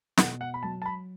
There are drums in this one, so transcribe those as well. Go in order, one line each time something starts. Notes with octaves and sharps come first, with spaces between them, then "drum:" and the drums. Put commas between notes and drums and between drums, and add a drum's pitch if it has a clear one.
B2 F#5, drum: snare
F#5
B5
F#3 A5
A5
B5